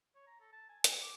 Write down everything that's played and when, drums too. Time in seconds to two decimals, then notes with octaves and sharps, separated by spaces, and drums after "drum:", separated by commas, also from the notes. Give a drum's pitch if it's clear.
0.15 C#5
0.27 A#5
0.41 A4
0.53 A5
0.69 G#5
0.84 G#5, drum: hi-hat
1.02 D6